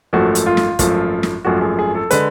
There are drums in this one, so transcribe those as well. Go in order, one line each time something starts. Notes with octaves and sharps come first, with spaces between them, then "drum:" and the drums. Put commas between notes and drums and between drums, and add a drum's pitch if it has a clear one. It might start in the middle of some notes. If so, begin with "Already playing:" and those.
G#1 F#2 F3 A3 F#4
drum: hi-hat
F4
drum: snare
G#1 F#2 F3 A3, drum: kick, hi-hat
drum: snare
G#1 F#2 F3 A3 F#4
G#4
G#4
A4
D3 G#3 B4, drum: hi-hat